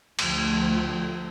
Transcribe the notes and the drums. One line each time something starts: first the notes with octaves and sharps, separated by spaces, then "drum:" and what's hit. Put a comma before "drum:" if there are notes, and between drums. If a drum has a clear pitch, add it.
D2 F3 A3, drum: cymbal